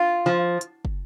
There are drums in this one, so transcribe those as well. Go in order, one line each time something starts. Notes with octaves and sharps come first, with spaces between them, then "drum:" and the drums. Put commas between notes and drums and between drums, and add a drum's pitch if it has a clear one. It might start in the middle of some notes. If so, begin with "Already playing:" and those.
Already playing: F4
F3
drum: hi-hat
drum: kick